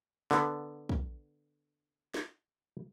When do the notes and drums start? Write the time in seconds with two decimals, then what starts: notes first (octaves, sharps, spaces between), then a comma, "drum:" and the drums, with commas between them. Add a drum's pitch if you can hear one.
0.31 D3 B3, drum: snare
0.89 drum: kick
2.14 drum: snare